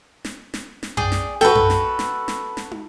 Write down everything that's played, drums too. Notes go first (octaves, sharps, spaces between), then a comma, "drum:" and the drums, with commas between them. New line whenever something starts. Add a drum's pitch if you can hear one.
drum: snare
drum: snare
drum: snare
G#4 D5 G5, drum: tom F#2
drum: snare
F#4 A4 B4 G5, drum: snare
drum: tom F#2
drum: snare
drum: snare
drum: snare
drum: snare
drum: tom